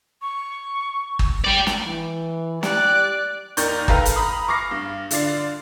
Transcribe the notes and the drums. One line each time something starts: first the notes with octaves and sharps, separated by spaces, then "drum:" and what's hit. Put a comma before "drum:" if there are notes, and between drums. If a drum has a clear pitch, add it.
C#6
drum: kick G1
G4 D5
drum: snare
E3
G4 D5 F#6, drum: snare
D#2 D#4 A#4 D5 C#6 G6, drum: hi-hat
A4 B4 F5 G5 A#5 F6, drum: kick G1
drum: hi-hat
A#5 B5 D#6
C#6 D6 F6 A#6 C7
G2
D3 F4 D5 C7, drum: hi-hat